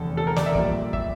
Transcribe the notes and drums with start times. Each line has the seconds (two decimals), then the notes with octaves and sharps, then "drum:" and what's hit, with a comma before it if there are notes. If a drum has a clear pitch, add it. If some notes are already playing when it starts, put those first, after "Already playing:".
Already playing: F1 E2 D3 A4
0.17 A4
0.27 A#4
0.36 D5, drum: snare
0.46 E5
0.55 A#1 A#2 G3 A#3 D5, drum: kick
0.93 E5, drum: kick